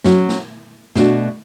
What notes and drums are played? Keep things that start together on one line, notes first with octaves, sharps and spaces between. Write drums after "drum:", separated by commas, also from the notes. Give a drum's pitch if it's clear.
F#3 C#4 F#4, drum: snare
drum: snare
B2 A3 D4 F#4, drum: snare